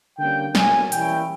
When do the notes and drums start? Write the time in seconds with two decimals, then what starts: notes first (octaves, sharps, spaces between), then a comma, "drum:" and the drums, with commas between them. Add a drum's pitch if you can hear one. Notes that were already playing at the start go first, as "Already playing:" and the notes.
0.18 D3 G3 A#3 C#4 G5
0.55 B2 F#3 A#3 G#5, drum: snare
0.92 E3 G3 A#3 C#4 E4 G5, drum: hi-hat